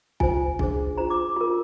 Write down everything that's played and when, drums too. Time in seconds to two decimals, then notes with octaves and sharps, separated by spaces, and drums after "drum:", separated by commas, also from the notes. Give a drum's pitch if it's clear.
0.20 F4 C5 G#5, drum: kick B1
0.59 D4 G#4 C5, drum: kick B1
0.98 F4 C5 A#5
1.10 D6
1.36 F4 A#4